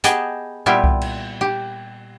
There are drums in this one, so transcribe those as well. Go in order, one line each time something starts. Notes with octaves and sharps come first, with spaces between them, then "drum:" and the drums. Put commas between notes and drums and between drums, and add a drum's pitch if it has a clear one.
B3 G4 G#4 D#5 G5 A5, drum: hi-hat
A#2 G3 B3 E4 F4 G4
drum: kick C2
drum: cymbal
G4